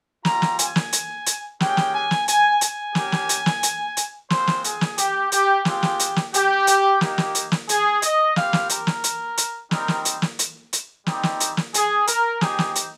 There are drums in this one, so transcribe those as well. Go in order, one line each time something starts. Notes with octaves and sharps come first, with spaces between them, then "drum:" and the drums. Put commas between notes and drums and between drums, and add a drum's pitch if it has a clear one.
G3 C#4 F4 A#5, drum: snare
drum: snare
G#5, drum: hi-hat
drum: snare
drum: hi-hat
drum: hi-hat
G#3 C#4 G4 G5, drum: snare
drum: snare
G#5
drum: snare
G#5, drum: hi-hat
G#5, drum: hi-hat
A#3 C#4 G4, drum: snare
drum: snare
drum: hi-hat
drum: snare
drum: hi-hat
drum: hi-hat
G#3 C4 F4 C5, drum: snare
drum: snare
G#4, drum: hi-hat
drum: snare
G4, drum: hi-hat
G4, drum: hi-hat
G#3 C4 F4 G4, drum: snare
drum: snare
drum: hi-hat
drum: snare
G4, drum: hi-hat
drum: hi-hat
A#3 D#4 G4, drum: snare
drum: snare
drum: hi-hat
drum: snare
G#4, drum: hi-hat
D#5, drum: hi-hat
G3 C4 G4 F5, drum: snare
drum: snare
A#4, drum: hi-hat
drum: snare
drum: hi-hat
drum: hi-hat
G3 C4 D#4 A#4, drum: snare
drum: snare
drum: hi-hat
drum: snare
drum: hi-hat
drum: hi-hat
G3 C4 D#4 G4, drum: snare
drum: snare
drum: hi-hat
drum: snare
G#4, drum: hi-hat
A#4, drum: hi-hat
C4 D#4 G4 G#4, drum: snare
drum: snare
drum: hi-hat